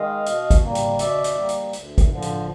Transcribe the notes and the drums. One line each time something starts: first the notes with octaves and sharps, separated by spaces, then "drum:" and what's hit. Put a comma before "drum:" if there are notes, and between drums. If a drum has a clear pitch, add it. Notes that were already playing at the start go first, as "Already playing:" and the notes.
Already playing: D#3 G#3 D#5 F5
B2, drum: hi-hat
drum: kick, hi-hat
G3 A#3
drum: hi-hat
B2 D5 E5, drum: hi-hat
drum: hi-hat
G3 A#3
drum: hi-hat
D2, drum: hi-hat
drum: kick, hi-hat
D3 F3
drum: hi-hat